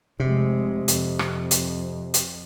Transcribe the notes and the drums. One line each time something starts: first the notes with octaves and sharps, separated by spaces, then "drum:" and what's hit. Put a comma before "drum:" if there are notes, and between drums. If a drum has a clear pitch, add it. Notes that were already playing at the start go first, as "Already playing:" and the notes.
F1 C3 G#3
F2, drum: hi-hat
drum: rim click
drum: hi-hat
drum: hi-hat